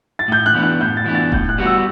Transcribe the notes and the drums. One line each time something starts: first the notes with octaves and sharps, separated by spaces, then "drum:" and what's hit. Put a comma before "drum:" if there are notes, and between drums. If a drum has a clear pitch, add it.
A6
A2 G6
F#6
E3 B3 D4
F#6
A2 G6
A6
E3 B3 D4
A6
A2 G6, drum: kick E1
F#6
G3 B3 F#4
E6